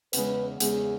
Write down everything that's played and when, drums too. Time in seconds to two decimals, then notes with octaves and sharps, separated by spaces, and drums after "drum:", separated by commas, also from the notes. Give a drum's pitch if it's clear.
0.13 E2 C#3 G#3 B4, drum: hi-hat
0.60 E2 C#3 G#3 G#4, drum: hi-hat